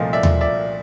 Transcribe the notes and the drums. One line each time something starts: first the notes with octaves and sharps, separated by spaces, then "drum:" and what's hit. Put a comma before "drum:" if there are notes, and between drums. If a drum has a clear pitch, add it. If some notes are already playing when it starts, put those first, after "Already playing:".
Already playing: C2 A#2 F3 A3 D#5 F5
D5 E5
drum: tom D#2
D5 E5